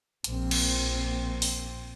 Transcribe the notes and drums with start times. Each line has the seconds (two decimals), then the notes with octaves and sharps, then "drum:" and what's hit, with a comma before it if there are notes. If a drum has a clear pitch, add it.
0.24 A#1 A#3 C4, drum: hi-hat
0.51 drum: cymbal
1.42 drum: open hi-hat